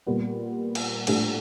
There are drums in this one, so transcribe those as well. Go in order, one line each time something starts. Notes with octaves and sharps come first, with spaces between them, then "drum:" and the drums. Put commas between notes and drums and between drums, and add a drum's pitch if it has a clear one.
A#2 G3 B3
drum: cymbal
A2 F3 A3 D4 G4, drum: cymbal